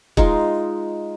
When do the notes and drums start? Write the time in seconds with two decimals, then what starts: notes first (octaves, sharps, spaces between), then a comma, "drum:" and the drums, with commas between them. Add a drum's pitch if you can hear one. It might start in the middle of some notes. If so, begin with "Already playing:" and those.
0.17 G#3 D#4 F4, drum: kick